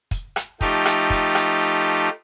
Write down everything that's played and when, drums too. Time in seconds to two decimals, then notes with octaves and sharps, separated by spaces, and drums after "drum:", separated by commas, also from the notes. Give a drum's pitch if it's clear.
0.11 drum: kick, hi-hat
0.36 drum: rim click
0.61 F3 A3 D#4 G4, drum: kick, hi-hat
0.85 drum: rim click
1.10 drum: kick, hi-hat
1.35 drum: rim click
1.60 drum: hi-hat